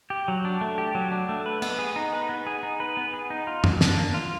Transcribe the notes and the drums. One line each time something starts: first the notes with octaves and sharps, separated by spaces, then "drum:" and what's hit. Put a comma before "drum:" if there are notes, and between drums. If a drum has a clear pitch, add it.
G4
F#3
D4
A3
G4
F#3
D4
A3
B4
B3, drum: cymbal
G#4
D#4
B4
B3
G#4
D#4
B4
B3
G#4
D#4
F4
F#3, drum: tom F#2
D4, drum: snare
A#3
F4